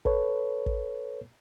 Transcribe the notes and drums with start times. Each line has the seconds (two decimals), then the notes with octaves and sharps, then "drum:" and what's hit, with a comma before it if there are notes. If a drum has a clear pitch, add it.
0.05 A4 B4 C#5, drum: kick
0.66 drum: kick